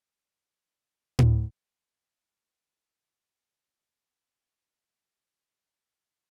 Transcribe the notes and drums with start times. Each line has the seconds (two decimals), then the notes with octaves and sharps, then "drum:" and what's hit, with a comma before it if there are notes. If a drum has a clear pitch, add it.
0.06 C#5
0.74 D5
1.19 drum: tom A2
4.14 D#4 D#5 F5 G#5 B5 D6